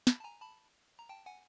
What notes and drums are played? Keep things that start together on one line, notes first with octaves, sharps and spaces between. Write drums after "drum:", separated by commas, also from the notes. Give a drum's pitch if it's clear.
A5 B5, drum: snare
A5
G#5 A#5
A5 B5
A#5
G5 A5
F#5 G#5